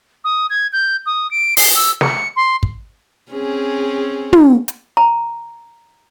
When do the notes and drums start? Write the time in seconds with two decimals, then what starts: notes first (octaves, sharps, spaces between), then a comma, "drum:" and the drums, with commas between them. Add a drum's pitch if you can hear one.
0.24 D#6
0.50 G#6
0.73 G6
1.06 D#6
1.31 D7
1.57 C7, drum: open hi-hat
1.76 E6
2.01 C#7, drum: snare
2.36 C6
2.63 drum: kick
3.31 C4 C#4 G#4
4.33 drum: tom
4.68 drum: hi-hat
4.97 A#5